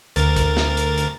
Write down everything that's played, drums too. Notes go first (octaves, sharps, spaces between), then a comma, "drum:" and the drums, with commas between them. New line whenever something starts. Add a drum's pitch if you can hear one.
D2 A#4 A6, drum: hi-hat
drum: kick, hi-hat
drum: snare
drum: hi-hat
drum: hi-hat